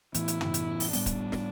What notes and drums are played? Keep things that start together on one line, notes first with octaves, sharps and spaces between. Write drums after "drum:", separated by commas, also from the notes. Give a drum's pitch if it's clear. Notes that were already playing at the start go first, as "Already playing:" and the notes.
A2 E3 B3 E4, drum: hi-hat
drum: hi-hat
drum: tom
drum: hi-hat
drum: open hi-hat
A2 G3 B3 D4, drum: open hi-hat
drum: kick D1, hi-hat
drum: snare